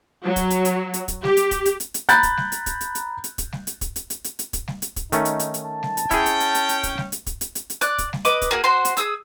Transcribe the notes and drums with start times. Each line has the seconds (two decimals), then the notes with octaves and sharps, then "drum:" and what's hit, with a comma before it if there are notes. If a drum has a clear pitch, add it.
0.24 F#3
0.36 drum: kick, hi-hat
0.50 drum: hi-hat
0.65 drum: hi-hat
0.94 drum: hi-hat
1.08 drum: kick, hi-hat
1.24 G4, drum: snare G3
1.37 drum: hi-hat
1.51 drum: kick, hi-hat
1.65 drum: hi-hat
1.80 drum: hi-hat
1.94 drum: hi-hat
2.09 A#5 B5 F#6 G6 A6, drum: hi-hat
2.23 drum: kick, hi-hat
2.37 drum: snare G3
2.52 drum: hi-hat
2.66 drum: kick, hi-hat
2.81 drum: hi-hat
2.95 drum: hi-hat
3.24 drum: hi-hat
3.38 drum: kick, hi-hat
3.52 drum: snare G3
3.67 drum: hi-hat
3.81 drum: kick, hi-hat
3.96 drum: hi-hat
4.10 drum: hi-hat
4.24 drum: hi-hat
4.39 drum: hi-hat
4.53 drum: kick, hi-hat
4.68 drum: snare G3
4.82 drum: hi-hat
4.96 drum: kick, hi-hat
5.12 D#3 A3 C#4 D#4, drum: hi-hat
5.25 drum: hi-hat
5.39 drum: hi-hat
5.54 drum: hi-hat
5.65 A5
5.83 drum: snare G3
5.97 drum: hi-hat
6.11 C#4 E4 G#4 G5, drum: kick, hi-hat
6.26 drum: hi-hat
6.40 drum: hi-hat
6.55 drum: hi-hat
6.69 drum: hi-hat
6.83 drum: kick, hi-hat
6.98 drum: snare G3
7.12 drum: hi-hat
7.26 drum: kick, hi-hat
7.41 drum: hi-hat
7.55 drum: hi-hat
7.70 drum: hi-hat
7.81 D5 D6 F#6, drum: hi-hat
7.98 drum: kick, hi-hat
8.13 drum: snare G3
8.25 B4 D#5 D6, drum: hi-hat
8.42 drum: kick, hi-hat
8.51 A#3 F#4 G#4
8.64 F#4 C5 C6
8.85 drum: hi-hat
8.97 G#4 D#6 E6, drum: hi-hat